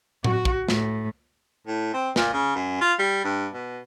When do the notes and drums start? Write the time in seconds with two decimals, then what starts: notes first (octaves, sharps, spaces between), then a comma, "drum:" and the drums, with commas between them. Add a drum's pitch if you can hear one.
0.24 F#4, drum: tom A2
0.45 drum: kick
0.69 A2, drum: snare
1.67 A2
1.93 C4
2.16 A#2, drum: snare
2.33 C#3
2.55 F#2
2.81 F4
2.99 G3
3.25 G2
3.53 B2